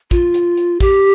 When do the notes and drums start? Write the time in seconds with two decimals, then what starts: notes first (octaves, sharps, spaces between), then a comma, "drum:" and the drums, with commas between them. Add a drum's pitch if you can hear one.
0.11 F4, drum: kick, hi-hat
0.34 drum: hi-hat
0.57 drum: hi-hat
0.80 G4, drum: kick, hi-hat